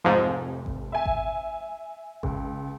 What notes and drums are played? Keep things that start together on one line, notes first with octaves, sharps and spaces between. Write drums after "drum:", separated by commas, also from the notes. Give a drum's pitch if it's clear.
F1 C2 G#2 F3
drum: kick G#1
E5 G#5
drum: kick G#1
C#2, drum: kick G#1